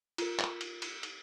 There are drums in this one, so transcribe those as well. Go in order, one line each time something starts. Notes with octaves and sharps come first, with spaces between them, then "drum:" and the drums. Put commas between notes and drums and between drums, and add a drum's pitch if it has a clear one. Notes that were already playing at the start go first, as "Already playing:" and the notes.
F4 A#4, drum: cymbal
drum: clap
drum: cymbal
drum: cymbal
drum: cymbal